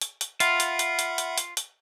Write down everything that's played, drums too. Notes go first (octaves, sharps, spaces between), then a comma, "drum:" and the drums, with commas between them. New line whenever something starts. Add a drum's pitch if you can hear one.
drum: hi-hat
drum: hi-hat
F4 E5 F#5 B5, drum: hi-hat
drum: hi-hat
drum: hi-hat
drum: hi-hat
drum: hi-hat
drum: hi-hat
drum: hi-hat